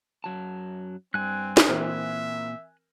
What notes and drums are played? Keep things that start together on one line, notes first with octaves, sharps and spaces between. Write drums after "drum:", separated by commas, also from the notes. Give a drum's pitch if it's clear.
F#2 F#3 A5
G2 C4 G#5 F#6
drum: snare
A#2 E3 C4 A#4 E5